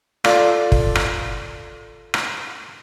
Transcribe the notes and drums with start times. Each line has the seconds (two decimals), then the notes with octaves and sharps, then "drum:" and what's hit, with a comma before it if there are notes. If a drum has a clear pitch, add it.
0.24 F4 A4 D5, drum: rim click
0.72 drum: kick
0.95 drum: rim click
2.14 drum: rim click